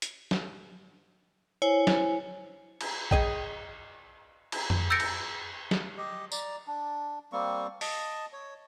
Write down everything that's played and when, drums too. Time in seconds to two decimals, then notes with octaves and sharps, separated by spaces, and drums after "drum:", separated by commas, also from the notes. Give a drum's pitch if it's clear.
0.02 drum: hi-hat
0.31 drum: snare
1.62 E4 C5 C#5 G#5
1.87 drum: snare
2.81 drum: cymbal
3.11 G#4 D#5 G5, drum: kick A#1
4.52 drum: cymbal
4.70 drum: tom F2
4.90 E6 G6 A6 A#6 C#7 D7
5.00 drum: cymbal
5.71 drum: snare
5.97 G4 D#5
6.32 D5 A#5, drum: tambourine
6.67 D4
7.32 G3 A#3 C4 C#6
7.81 D#5 A5, drum: open hi-hat
8.33 C#5